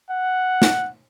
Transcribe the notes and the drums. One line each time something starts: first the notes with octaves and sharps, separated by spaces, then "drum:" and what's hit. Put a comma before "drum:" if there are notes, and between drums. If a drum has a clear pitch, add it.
F#5
drum: snare